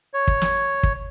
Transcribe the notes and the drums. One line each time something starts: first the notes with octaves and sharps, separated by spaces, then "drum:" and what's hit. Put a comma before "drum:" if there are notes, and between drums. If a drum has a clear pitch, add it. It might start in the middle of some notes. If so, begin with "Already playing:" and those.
C#5
drum: kick
drum: snare
drum: kick